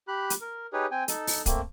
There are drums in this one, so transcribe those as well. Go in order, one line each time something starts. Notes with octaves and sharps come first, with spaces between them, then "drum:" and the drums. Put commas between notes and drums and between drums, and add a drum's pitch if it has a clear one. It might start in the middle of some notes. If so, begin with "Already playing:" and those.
G4 B5 F#6
drum: hi-hat
A#4
D#4 G4 G#4 B4 C#5
C4 G5 G#5
D#4 A4, drum: hi-hat
drum: open hi-hat
A3 A#3 C4, drum: kick, hi-hat